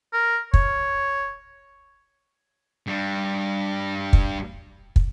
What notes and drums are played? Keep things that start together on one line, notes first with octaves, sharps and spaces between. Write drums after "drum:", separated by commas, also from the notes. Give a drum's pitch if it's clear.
A#4
C#5, drum: kick
G2 G3
drum: kick
drum: kick